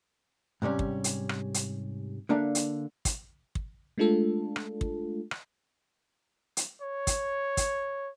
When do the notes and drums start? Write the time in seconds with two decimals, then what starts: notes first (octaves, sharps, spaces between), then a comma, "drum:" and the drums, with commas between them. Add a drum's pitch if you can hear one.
0.62 G#2 C3 G3 C#4
0.79 drum: kick
1.04 drum: hi-hat
1.29 drum: rim click
1.54 drum: hi-hat
2.29 D3 A#3 D4 E5 F5
2.55 drum: hi-hat
3.05 drum: kick, hi-hat
3.55 drum: kick
3.98 G#3 A3 D4 F4 A4
4.56 drum: rim click
4.81 drum: kick
5.31 drum: rim click
6.57 drum: hi-hat
6.82 C#5
7.07 drum: kick, hi-hat
7.57 drum: kick, hi-hat